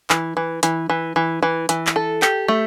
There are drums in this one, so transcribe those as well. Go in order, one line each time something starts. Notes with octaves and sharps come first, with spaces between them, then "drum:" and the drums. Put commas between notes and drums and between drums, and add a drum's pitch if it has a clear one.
E3, drum: clap
E3
E3, drum: hi-hat
E3
E3
E3
E3, drum: hi-hat
drum: clap
A4
G4, drum: clap
A3